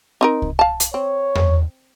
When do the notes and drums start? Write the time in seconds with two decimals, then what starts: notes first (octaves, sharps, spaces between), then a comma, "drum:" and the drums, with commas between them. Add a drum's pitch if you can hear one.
0.21 C4 D#4 A#4
0.42 drum: kick C2
0.59 F5 A5
0.80 drum: hi-hat
0.94 C4 C#5
1.35 drum: tom E2